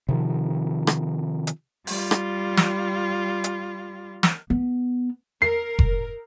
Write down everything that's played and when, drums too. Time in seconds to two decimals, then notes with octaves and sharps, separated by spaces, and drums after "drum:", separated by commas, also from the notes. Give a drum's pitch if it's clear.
0.09 C3 D#3 F3
0.87 drum: rim click
1.47 drum: hi-hat
1.87 G3 F4, drum: open hi-hat
2.11 drum: rim click
2.57 drum: snare
3.44 drum: hi-hat
4.23 drum: snare
4.50 B3
5.42 A#4 C7
5.79 drum: kick F1